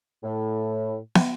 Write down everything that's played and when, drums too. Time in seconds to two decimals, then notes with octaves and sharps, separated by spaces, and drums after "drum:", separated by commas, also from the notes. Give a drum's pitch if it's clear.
0.22 A2
1.15 drum: snare